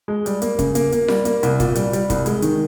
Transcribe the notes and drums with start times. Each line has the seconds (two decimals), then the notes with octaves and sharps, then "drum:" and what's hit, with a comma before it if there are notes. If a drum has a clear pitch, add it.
0.08 G#3
0.26 G3, drum: hi-hat
0.42 A#3, drum: hi-hat
0.59 C#3, drum: kick, hi-hat
0.75 A#3, drum: hi-hat
0.92 A#3, drum: hi-hat
1.08 G3, drum: snare F4
1.25 A#3, drum: hi-hat
1.43 C2, drum: hi-hat
1.60 A#2, drum: kick, hi-hat
1.75 G3, drum: hi-hat
1.93 G3, drum: hi-hat
2.10 C2, drum: kick, hi-hat
2.26 G#3, drum: hi-hat
2.42 D#3, drum: hi-hat